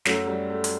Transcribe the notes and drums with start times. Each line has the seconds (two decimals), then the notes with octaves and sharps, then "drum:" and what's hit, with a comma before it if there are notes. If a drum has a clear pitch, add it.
0.05 F#2 F#3 A3, drum: snare
0.27 G3
0.50 A3
0.64 drum: hi-hat